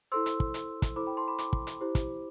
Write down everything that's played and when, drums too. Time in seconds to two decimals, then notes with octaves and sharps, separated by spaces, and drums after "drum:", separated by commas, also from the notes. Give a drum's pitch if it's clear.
0.12 E4 A4 C5 C6 E6
0.26 drum: hi-hat
0.40 drum: kick
0.54 drum: hi-hat
0.82 drum: kick, hi-hat
0.96 E4 A4 C5 B5 D6
1.07 G5 B5
1.17 A5 C6
1.28 B5 D6
1.38 B5 D6, drum: hi-hat
1.53 drum: kick
1.67 drum: hi-hat
1.81 E4 G4 C5
1.95 drum: kick, hi-hat